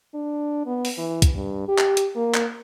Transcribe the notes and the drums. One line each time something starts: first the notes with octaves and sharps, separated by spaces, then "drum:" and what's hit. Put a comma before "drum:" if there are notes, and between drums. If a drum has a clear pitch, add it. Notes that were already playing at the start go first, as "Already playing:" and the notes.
D4
B3
drum: open hi-hat
E3
drum: kick, hi-hat
G2
G4
drum: clap
drum: hi-hat
A#3
drum: clap